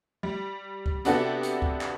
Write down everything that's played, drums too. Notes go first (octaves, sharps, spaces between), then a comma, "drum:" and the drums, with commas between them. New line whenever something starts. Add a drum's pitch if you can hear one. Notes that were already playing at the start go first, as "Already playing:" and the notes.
G3
drum: kick
C3 B3 D4 F#4 G4 A4, drum: hi-hat
drum: hi-hat
drum: kick
drum: clap